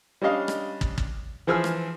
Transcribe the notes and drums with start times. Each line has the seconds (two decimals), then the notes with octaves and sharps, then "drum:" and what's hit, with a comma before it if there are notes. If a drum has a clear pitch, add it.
0.22 G3 C#4 D4 D#5 F5
0.48 drum: rim click
0.81 drum: kick
0.98 drum: kick
1.47 E3 F3 G#4 E6 F6
1.64 drum: rim click